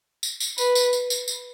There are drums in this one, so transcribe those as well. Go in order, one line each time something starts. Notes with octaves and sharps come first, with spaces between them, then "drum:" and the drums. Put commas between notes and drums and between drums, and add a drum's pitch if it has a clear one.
drum: tambourine
drum: tambourine
B4, drum: tambourine
drum: tambourine
drum: tambourine
drum: tambourine
drum: tambourine